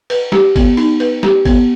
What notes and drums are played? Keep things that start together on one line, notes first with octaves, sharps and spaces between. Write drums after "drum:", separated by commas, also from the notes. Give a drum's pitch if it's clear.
B4, drum: cymbal
G4, drum: snare
B3, drum: kick G#1, cymbal
D#4, drum: cymbal
B4, drum: cymbal
G4, drum: snare
B3, drum: kick G#1, cymbal